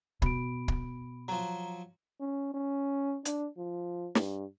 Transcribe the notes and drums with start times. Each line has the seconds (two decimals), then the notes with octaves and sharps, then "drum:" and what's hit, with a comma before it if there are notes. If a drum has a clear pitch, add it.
0.22 B2 B5 D7, drum: kick
0.68 drum: kick
1.28 F3 F#3 A#5
2.20 C#4
2.54 C#4
3.25 D4, drum: hi-hat
3.57 F3
4.15 G2, drum: snare